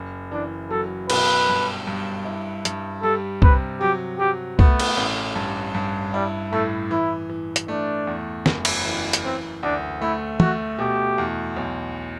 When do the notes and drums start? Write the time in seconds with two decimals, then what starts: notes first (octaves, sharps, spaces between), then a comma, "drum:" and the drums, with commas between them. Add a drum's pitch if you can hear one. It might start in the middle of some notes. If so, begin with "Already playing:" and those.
Already playing: F#1
0.32 E3 D4
0.70 F#3 A4
1.10 B2 B4, drum: cymbal
1.49 G2
1.87 G2
2.25 E4
2.65 G2, drum: hi-hat
3.03 G3 A4
3.42 C3 B4, drum: kick
3.81 F#3 G4
4.19 F#3 G4
4.59 A3 B3, drum: kick
4.80 drum: cymbal
4.97 A1
5.36 G2
5.74 G2
6.13 G3 E4
6.53 A2 A3
6.91 E3 E4
7.29 E3
7.56 drum: hi-hat
7.68 A3 D4
8.07 E2
8.46 F#1, drum: snare
8.65 drum: cymbal
8.85 E3
9.13 drum: hi-hat
9.24 E3 C4
9.63 D2 D4
10.02 A3 E4
10.40 A3 F#4, drum: tom
10.79 B2 G4
11.18 E2
11.57 B1